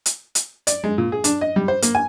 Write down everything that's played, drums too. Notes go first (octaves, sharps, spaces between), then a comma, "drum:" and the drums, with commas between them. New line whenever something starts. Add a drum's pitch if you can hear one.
drum: hi-hat
drum: hi-hat
D5, drum: hi-hat
G#3
A#2
G#4
D4, drum: hi-hat
D#5
G3
C5
A#3, drum: hi-hat
G#5